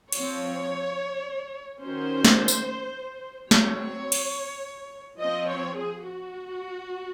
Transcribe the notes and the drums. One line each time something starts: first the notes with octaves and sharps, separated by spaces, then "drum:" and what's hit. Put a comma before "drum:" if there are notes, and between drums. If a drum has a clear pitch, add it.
F3 C4 C#5, drum: cymbal
D#3 F#3 C#4 C5
drum: snare
drum: tambourine
F#3 C4 C#5, drum: snare
drum: cymbal
F3 C4 D#5
C#5
G#4
F#4